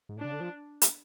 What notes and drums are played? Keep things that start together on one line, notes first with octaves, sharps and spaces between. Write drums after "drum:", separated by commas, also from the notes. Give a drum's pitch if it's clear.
G#2
A2 D4
C#3
D3
F3
drum: hi-hat